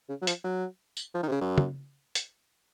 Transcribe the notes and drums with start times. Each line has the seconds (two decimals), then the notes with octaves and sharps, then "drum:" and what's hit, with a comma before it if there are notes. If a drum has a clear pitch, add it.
0.09 C#3
0.22 F#3
0.27 F3, drum: hi-hat
0.44 F#3
0.97 drum: tambourine
1.15 F3
1.23 D#3
1.28 C3
1.32 C#3
1.41 F#2
1.58 drum: tom
2.15 drum: hi-hat